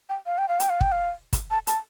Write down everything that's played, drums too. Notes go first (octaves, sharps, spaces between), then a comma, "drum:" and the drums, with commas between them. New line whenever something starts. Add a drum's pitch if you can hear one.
G5
F5
G5
F5
G5, drum: hi-hat
F5
G5, drum: kick
F5
drum: kick, hi-hat
A5
A5, drum: hi-hat